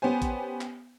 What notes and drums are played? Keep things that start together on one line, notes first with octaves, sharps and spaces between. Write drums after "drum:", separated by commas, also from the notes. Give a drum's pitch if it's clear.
B3 C#4 G4 C5 G#5
drum: kick A1, hi-hat
drum: clap